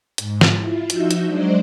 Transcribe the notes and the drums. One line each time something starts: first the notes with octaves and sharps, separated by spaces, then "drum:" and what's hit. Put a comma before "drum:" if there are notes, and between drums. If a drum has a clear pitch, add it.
G#2, drum: hi-hat
drum: snare
E4 F4
F3 D#4 F#4 E5 E6 G6, drum: hi-hat
drum: hi-hat
F#3 G#3 D4 C5 D5 D#5